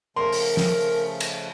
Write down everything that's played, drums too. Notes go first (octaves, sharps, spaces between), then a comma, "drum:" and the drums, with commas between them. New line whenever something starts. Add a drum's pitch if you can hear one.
C#3 F3 A3 A#4 C6
drum: open hi-hat
drum: snare
drum: cymbal